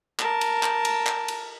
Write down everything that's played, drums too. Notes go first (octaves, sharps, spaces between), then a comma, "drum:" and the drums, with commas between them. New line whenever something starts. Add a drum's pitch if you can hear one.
A#4 A5, drum: clap
drum: cymbal
drum: clap
drum: cymbal
drum: clap
drum: cymbal